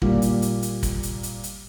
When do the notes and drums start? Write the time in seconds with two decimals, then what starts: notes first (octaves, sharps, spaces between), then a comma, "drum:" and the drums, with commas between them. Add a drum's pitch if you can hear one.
0.02 A#2 G3, drum: kick
0.22 drum: hi-hat
0.42 drum: hi-hat
0.62 drum: hi-hat
0.83 drum: kick, hi-hat
1.03 drum: hi-hat
1.23 drum: hi-hat
1.43 drum: hi-hat